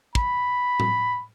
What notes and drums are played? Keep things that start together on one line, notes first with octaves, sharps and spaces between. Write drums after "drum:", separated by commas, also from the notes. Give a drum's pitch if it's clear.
B5, drum: kick
drum: tom A2